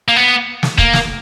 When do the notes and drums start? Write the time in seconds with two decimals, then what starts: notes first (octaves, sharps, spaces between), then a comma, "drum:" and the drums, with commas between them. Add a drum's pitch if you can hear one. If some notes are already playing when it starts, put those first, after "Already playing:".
0.08 A#3
0.16 B3
0.63 drum: snare
0.78 A#3, drum: kick
0.94 drum: snare